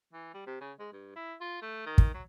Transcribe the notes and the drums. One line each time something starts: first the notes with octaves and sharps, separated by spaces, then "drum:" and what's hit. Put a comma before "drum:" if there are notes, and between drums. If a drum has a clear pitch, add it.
E3
G3
C3
C#3
G#3
G2
E4
F4
A3
D#3
drum: kick
F#3